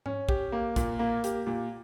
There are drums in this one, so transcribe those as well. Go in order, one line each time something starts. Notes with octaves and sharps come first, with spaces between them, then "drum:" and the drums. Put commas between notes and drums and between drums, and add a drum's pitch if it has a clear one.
C#4, drum: tom G#2
G4, drum: kick
A#3
A#2, drum: kick, hi-hat
A#3
G4, drum: hi-hat
A#2